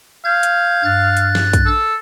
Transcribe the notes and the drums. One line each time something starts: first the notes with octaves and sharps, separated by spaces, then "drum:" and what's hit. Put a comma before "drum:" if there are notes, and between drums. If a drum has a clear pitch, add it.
F5 G6 G#6
drum: hi-hat
G2 F#6 A6
drum: hi-hat
drum: snare
drum: kick, hi-hat
A4